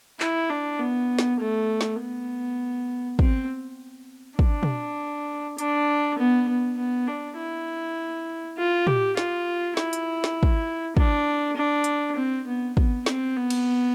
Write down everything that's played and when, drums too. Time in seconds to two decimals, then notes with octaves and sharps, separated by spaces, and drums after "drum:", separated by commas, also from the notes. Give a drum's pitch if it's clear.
0.20 E4, drum: clap
0.50 D4
0.79 B3
1.19 drum: snare
1.40 A3
1.81 drum: snare
2.00 B3
3.19 C4, drum: kick
4.39 D4, drum: kick
4.63 drum: tom
5.58 D4, drum: hi-hat
6.18 B3
6.48 B3
6.78 B3
7.07 D4
7.37 E4
8.58 F4
8.87 G4, drum: tom
9.17 F4, drum: snare
9.77 E4, drum: snare
9.93 drum: hi-hat
10.24 drum: snare
10.43 drum: kick
10.97 D4, drum: kick
11.56 D4
11.84 drum: hi-hat
12.16 C4
12.47 B3
12.77 B3, drum: kick
13.06 C4, drum: snare
13.36 B3
13.50 drum: cymbal